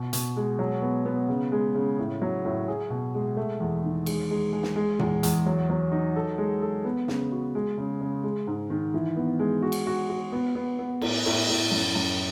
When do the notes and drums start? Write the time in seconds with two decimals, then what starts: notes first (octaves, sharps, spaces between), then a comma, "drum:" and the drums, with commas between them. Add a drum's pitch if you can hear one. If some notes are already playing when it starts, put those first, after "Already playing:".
Already playing: B2
0.13 B2, drum: hi-hat
0.37 G#3
0.59 F#3
0.82 B3
1.06 B3
1.28 C#3
1.52 G#3
1.75 C#3
1.99 A2
2.22 F#3
2.45 A2
2.68 G#4
2.90 B2
3.14 G#3
3.37 A3
3.60 E2
3.84 D#3
4.06 G#3, drum: cymbal
4.30 G#3
4.52 G#3
4.63 drum: snare
4.76 G#3
4.99 E2, drum: tom A#2
5.23 E2, drum: hi-hat
5.46 F#3
5.70 F#3
5.92 D#4
6.16 A4
6.38 G#3
6.62 A4
6.84 B3
7.08 C#3, drum: snare
7.32 F#4
7.55 G#3
7.78 C#3
8.01 C#3
8.23 G#3
8.47 G#2
8.70 D#3
8.94 E3
9.16 B3
9.39 G#3
9.62 F#4
9.72 drum: cymbal
9.87 F#4
10.10 F#4
10.32 B3
10.55 B3
10.79 B3
11.01 A2, drum: cymbal
11.26 A2, drum: cymbal
11.49 A2
11.71 F#2
11.95 F#2